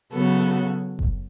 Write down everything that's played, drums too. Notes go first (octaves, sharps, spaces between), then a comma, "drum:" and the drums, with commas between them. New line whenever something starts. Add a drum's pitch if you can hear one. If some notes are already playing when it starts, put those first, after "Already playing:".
C#3 F#3 B3 F#4 A4
drum: kick F#1